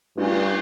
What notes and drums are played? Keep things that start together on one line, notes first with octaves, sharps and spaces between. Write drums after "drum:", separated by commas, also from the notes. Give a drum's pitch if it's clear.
G2, drum: cymbal